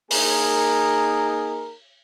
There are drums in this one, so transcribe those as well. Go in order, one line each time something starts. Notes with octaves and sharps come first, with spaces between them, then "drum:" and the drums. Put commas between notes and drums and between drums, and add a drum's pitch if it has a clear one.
A#3 D#4 G#4 A#4, drum: open hi-hat